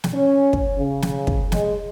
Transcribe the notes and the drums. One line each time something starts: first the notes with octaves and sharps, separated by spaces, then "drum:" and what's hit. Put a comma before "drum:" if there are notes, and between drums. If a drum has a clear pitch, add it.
drum: snare
C#4
drum: kick
C#3
drum: snare
drum: kick
G#3, drum: snare